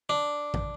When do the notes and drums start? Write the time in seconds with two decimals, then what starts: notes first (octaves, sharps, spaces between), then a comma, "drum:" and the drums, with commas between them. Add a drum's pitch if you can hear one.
0.09 D4
0.54 drum: kick